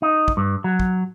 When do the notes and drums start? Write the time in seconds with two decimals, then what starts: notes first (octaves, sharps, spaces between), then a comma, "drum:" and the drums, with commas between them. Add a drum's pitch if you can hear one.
0.02 D#4
0.28 drum: kick
0.37 G2
0.64 F#3
0.80 drum: kick